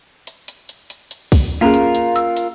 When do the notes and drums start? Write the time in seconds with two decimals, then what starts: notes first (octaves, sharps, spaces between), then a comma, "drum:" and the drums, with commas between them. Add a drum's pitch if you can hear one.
0.27 drum: hi-hat
0.48 drum: hi-hat
0.69 drum: hi-hat
0.90 drum: hi-hat
1.11 drum: hi-hat
1.32 drum: kick, open hi-hat
1.61 A#3 C#4 F4 G#4 A#4
1.74 drum: hi-hat
1.95 drum: hi-hat
2.16 E6, drum: hi-hat
2.37 drum: hi-hat